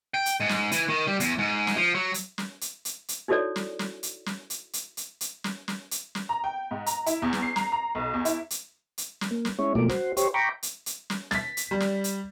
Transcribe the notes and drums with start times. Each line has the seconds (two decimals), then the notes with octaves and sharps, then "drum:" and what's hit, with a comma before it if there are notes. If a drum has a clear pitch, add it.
0.14 G5
0.26 drum: hi-hat
0.40 G#2
0.49 drum: snare
0.72 E3, drum: hi-hat
0.88 D#3
1.07 G3
1.20 E2, drum: hi-hat
1.38 G#2
1.67 drum: snare
1.77 F3
1.95 F#3
2.14 drum: hi-hat
2.38 drum: snare
2.61 drum: hi-hat
2.85 drum: hi-hat
3.08 drum: hi-hat
3.28 D#4 E4 F#4 A4 C#5 D5
3.56 drum: snare
3.79 drum: snare
4.03 drum: hi-hat
4.26 drum: snare
4.50 drum: hi-hat
4.73 drum: hi-hat
4.97 drum: hi-hat
5.21 drum: hi-hat
5.44 drum: snare
5.68 drum: snare
5.91 drum: hi-hat
6.15 drum: snare
6.29 A#5
6.44 G5
6.71 G#2
6.86 A#5, drum: hi-hat
7.06 E4, drum: hi-hat
7.22 E2
7.33 drum: snare
7.42 C7
7.56 A#5, drum: snare
7.72 A#5
7.95 B1
8.14 E2
8.25 E4, drum: hi-hat
8.50 drum: hi-hat
8.98 drum: hi-hat
9.21 drum: snare
9.31 A#3
9.45 drum: snare
9.59 G#3 C#4 E4 C#5
9.75 B2 F3 F#3 A3 A#3 D6
9.89 F#4 C5, drum: snare
10.17 G4 C5 C#5, drum: hi-hat
10.34 G5 A#5 B5 C#6 D6
10.63 drum: hi-hat
10.86 drum: hi-hat
11.10 drum: snare
11.31 A6 B6, drum: snare
11.57 drum: hi-hat
11.71 G3
11.80 drum: snare
12.04 drum: hi-hat